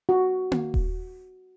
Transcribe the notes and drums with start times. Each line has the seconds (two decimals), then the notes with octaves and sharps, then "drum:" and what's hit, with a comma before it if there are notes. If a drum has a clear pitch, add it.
0.09 F#4
0.52 drum: tom A#3
0.74 drum: kick D#1